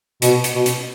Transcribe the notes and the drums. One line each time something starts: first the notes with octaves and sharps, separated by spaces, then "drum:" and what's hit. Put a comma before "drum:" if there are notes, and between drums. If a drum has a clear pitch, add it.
B2, drum: hi-hat
drum: hi-hat
B2
drum: hi-hat